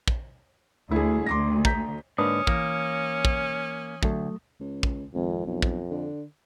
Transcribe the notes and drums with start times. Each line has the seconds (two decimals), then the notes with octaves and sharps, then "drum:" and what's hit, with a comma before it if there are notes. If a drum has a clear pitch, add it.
0.08 drum: kick
0.91 D2 E4 G#4
1.26 D2 C6 D6 A#6
1.65 A#5 G6 B6, drum: kick
2.18 G#2 D3 A#3 C#4 D4 B4 D#6
2.47 E3 A#3, drum: kick
3.25 drum: kick
4.03 D2 F#3 A3, drum: kick
4.60 C#2
4.83 drum: kick
5.15 G#1 F2
5.46 B1 F2
5.62 drum: kick
5.91 D3